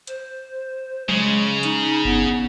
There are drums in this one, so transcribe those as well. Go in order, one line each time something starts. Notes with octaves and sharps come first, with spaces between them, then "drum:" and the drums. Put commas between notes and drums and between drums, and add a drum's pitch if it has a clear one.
C5, drum: hi-hat
C#3 G#3, drum: tom F3
D#4, drum: hi-hat
B3, drum: kick F#1